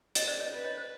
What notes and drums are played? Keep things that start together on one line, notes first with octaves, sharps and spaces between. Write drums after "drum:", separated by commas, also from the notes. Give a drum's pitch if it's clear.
C#5 D#5, drum: hi-hat
C5 D5
C#5 D#5
B4
C#5 D#5
C5